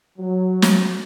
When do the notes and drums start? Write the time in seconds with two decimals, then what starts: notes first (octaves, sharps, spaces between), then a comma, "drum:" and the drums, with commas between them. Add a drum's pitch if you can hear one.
0.18 F#3
0.62 drum: snare